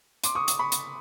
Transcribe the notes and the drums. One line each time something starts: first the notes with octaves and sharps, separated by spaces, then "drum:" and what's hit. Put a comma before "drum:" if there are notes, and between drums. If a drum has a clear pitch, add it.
C6 D6, drum: hi-hat
C#6 D#6
drum: hi-hat
B5 C#6
drum: hi-hat